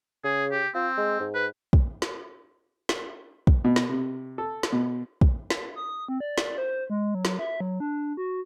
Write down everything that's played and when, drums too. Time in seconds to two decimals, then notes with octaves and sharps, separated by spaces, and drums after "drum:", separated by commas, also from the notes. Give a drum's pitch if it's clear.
0.24 C#3 G#4
0.51 G4
0.75 C4 F4
0.97 G#3
1.20 G#2
1.34 B4
1.73 drum: kick
2.02 drum: snare
2.89 drum: snare
3.47 drum: kick
3.64 B2
3.76 drum: snare
3.89 C3
4.38 A4
4.63 drum: snare
4.72 B2
5.21 drum: kick
5.50 drum: snare
5.76 D#6
6.09 C4
6.20 D5
6.38 drum: snare
6.58 C5
6.90 G#3
7.15 F#3
7.25 drum: snare
7.39 E5
7.61 F#3
7.80 D4
8.17 F#4